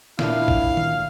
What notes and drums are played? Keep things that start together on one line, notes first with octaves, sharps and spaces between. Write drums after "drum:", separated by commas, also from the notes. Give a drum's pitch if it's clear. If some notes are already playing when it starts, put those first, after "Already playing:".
A#2 D4 E4 F5, drum: snare
drum: kick A1
drum: tom D#3